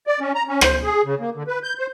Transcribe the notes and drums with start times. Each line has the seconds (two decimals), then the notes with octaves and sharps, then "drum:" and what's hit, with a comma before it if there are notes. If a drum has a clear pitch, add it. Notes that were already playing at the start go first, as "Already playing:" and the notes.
0.07 D5
0.20 C#4
0.35 A#5
0.48 C#4
0.61 C5, drum: rim click
0.84 G#4
1.05 C#3
1.20 A#3
1.35 D3
1.47 B4
1.63 G6
1.79 C5